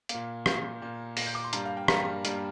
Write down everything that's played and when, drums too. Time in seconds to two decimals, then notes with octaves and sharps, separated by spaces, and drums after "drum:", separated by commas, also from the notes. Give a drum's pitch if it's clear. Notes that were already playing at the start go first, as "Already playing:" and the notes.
0.09 A#2 A#3, drum: hi-hat
0.46 A#2 A#3 G6, drum: rim click
0.81 A#2 A#3
1.17 A#2 A#3 A#6, drum: open hi-hat
1.26 G6
1.35 D6
1.44 C6
1.53 G2 G3 A#3 A#5, drum: hi-hat
1.65 F5
1.77 G5
1.88 G2 G3 A#3 A#5, drum: rim click
2.25 G2 G3 A#3, drum: hi-hat